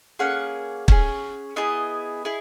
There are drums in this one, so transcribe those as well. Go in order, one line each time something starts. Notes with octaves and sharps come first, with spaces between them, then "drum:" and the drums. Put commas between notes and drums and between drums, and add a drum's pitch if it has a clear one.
A#3 C#4 G#4 F#5
C#4 G#4, drum: kick
B3 E4 G#4 D#5
E4 G#4